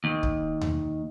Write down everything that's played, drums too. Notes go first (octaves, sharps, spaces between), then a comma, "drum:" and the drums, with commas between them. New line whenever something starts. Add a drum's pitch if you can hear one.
D#2
drum: kick
drum: tom D#2